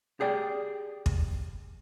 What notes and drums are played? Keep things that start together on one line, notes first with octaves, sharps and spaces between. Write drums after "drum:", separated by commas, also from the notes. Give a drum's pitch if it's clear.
G4 G#4 D5 G5
drum: kick